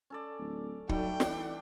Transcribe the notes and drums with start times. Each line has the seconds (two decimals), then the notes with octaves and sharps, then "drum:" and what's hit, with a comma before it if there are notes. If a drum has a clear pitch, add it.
0.10 C#4 A4 D5
0.39 D1
0.89 F#3 G3 A3 D#4 G5, drum: kick
1.20 E3 D4, drum: snare